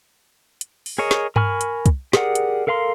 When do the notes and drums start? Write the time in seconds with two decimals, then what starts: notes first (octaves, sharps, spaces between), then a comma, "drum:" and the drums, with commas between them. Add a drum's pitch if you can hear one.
0.61 drum: hi-hat
0.86 drum: open hi-hat
0.98 G#4 A#4 C#5 D#5
1.11 drum: snare
1.36 A#4 G#5 B5 C#6 F6, drum: tom G2
1.61 drum: hi-hat
1.86 drum: kick, hi-hat
2.13 G4 G#4 A#4 D5 F#5, drum: snare
2.35 drum: hi-hat
2.67 A4 A#4 F5 A#5 C6